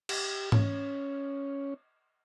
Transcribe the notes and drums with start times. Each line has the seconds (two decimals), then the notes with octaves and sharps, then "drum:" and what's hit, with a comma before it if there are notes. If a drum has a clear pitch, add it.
0.09 G4, drum: cymbal
0.52 C#4, drum: tom G#2